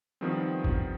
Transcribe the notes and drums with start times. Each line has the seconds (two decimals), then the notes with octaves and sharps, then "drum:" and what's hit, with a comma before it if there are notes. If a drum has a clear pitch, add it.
0.21 D#3 F3 G3 B3 C4
0.64 drum: kick G#1